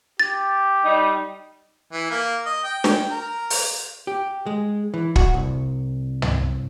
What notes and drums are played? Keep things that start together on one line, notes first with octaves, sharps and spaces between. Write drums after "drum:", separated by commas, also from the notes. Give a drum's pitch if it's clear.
G4 A6
G3 D#4
E3
A#3
D#5
G5
drum: snare
A#4
drum: open hi-hat
G4
G#3
E3
F#4, drum: kick
C2
drum: tom